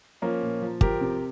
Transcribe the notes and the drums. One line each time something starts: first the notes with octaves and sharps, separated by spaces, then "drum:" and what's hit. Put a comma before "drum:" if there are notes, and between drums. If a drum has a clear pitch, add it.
F3 A#3 C#4
A#2
F3
F3 G4 A#4, drum: kick
C3